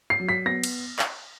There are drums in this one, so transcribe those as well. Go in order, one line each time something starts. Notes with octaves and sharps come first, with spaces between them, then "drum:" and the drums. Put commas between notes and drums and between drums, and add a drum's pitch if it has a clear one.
C7
F#3
B6
B3 A#6
drum: cymbal
drum: clap